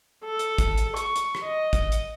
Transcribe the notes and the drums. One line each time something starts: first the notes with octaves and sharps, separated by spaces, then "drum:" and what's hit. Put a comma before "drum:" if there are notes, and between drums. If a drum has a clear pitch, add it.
A4
drum: hi-hat
drum: kick, hi-hat
drum: hi-hat
C#6, drum: hi-hat
drum: hi-hat
drum: rim click
D#5
drum: kick, hi-hat
drum: hi-hat